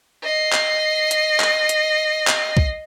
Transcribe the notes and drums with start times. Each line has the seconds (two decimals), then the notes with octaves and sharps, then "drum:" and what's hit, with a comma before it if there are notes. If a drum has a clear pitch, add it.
0.24 D#5 C7
0.53 drum: clap
1.11 drum: hi-hat
1.40 drum: clap
1.69 drum: hi-hat
2.28 drum: clap
2.57 drum: kick